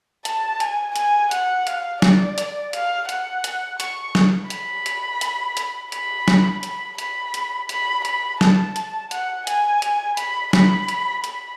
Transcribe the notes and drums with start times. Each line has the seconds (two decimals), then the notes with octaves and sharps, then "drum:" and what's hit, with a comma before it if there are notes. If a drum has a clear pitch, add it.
0.25 A5, drum: hi-hat
0.60 G#5, drum: hi-hat
0.96 G#5, drum: hi-hat
1.31 F#5, drum: hi-hat
1.67 F5, drum: hi-hat
2.02 D5, drum: snare
2.38 drum: hi-hat
2.73 F5, drum: hi-hat
3.09 F#5, drum: hi-hat
3.44 drum: hi-hat
3.80 C#6, drum: hi-hat
4.15 drum: snare
4.50 B5, drum: hi-hat
4.86 drum: hi-hat
5.21 drum: hi-hat
5.57 drum: hi-hat
5.92 B5, drum: hi-hat
6.28 drum: snare
6.63 B5, drum: hi-hat
6.98 B5, drum: hi-hat
7.34 drum: hi-hat
7.69 B5, drum: hi-hat
8.05 B5, drum: hi-hat
8.41 A5, drum: snare
8.76 drum: hi-hat
9.11 F#5, drum: hi-hat
9.47 G#5, drum: hi-hat
9.82 drum: hi-hat
10.17 B5, drum: hi-hat
10.53 B5, drum: snare
10.88 drum: hi-hat
11.24 B5, drum: hi-hat